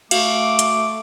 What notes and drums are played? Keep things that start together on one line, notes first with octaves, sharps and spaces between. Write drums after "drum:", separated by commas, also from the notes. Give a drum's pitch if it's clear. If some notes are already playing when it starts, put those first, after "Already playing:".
A3 F#4 F5 D6, drum: cymbal
drum: hi-hat